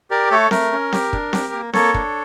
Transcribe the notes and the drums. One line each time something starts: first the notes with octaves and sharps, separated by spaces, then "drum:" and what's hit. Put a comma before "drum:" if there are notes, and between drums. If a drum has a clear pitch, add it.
G4 A#4 D5
A3 A4 C#5
A3 A#4, drum: snare C4
C#4
G4, drum: snare C4
D4, drum: kick
G4, drum: snare C4
A#3
A#3 A4 C#5, drum: snare C4
D4, drum: kick